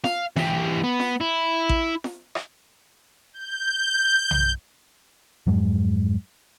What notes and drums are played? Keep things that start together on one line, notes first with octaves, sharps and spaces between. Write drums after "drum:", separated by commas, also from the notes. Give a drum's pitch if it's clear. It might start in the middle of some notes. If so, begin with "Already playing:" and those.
F5, drum: snare
E3 G4, drum: snare
B3
drum: snare
E4
drum: kick A1
drum: snare
drum: rim click
G6
drum: tom B1
F2 G#2 F#3 G#3